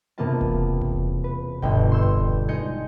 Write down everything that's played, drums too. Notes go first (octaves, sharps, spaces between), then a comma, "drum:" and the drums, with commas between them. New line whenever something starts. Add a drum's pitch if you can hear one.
E1 C3 A#3 B3 F4 A5
drum: kick E1
drum: kick E1
B4
G1 B2 G5, drum: kick E1
C6 C#6 E6 G6
drum: kick E1
G#3 D#4 G#4 G6 C#7